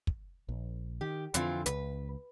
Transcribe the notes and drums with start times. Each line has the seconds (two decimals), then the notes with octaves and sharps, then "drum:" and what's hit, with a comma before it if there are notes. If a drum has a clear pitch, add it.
0.07 drum: kick
0.49 A#1
1.01 D#3 G4
1.34 F2 D3 E3 C4 F4, drum: hi-hat
1.66 C#2 B4, drum: hi-hat